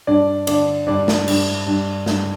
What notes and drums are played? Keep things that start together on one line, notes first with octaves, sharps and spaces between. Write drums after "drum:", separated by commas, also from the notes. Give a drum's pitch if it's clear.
G2 D4 D5
D3 D4 D5, drum: cymbal
G2 D4 D5
drum: snare
G2, drum: cymbal
G2
G2, drum: snare